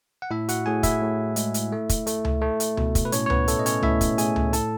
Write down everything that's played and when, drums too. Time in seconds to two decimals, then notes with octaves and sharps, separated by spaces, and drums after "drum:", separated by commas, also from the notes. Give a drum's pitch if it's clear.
0.22 F#5
0.31 A2 E4 E5
0.49 F#4 F#5, drum: hi-hat
0.66 A2 G#4 G#5
0.83 E4 E5, drum: kick, hi-hat
1.02 A2
1.36 G#3, drum: hi-hat
1.54 drum: hi-hat
1.72 A3
1.89 drum: kick, hi-hat
2.07 A3, drum: hi-hat
2.25 drum: tom C#2
2.42 A3
2.60 drum: hi-hat
2.77 B2, drum: tom C#2
2.95 drum: kick, hi-hat
3.05 B4
3.12 A2 C#4 C#5, drum: hi-hat
3.26 C#5
3.30 B3 B4, drum: tom C#2
3.48 A3 A4, drum: hi-hat
3.59 D#5
3.66 C#4 C#5, drum: hi-hat
3.83 A2 E4 E5, drum: tom C#2
4.01 drum: kick, hi-hat
4.18 A2 G#4 G#5, drum: hi-hat
4.36 drum: tom C#2
4.53 A2 A4 A5, drum: hi-hat